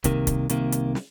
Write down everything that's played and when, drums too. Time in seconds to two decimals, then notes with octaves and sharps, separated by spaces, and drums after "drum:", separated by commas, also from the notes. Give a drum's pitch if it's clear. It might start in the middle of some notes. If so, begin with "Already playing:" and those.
0.04 C2 C3 D#3 A#3, drum: kick, hi-hat
0.27 drum: kick, hi-hat
0.50 C2 C3 D#3 A#3, drum: hi-hat
0.72 drum: hi-hat
0.95 drum: snare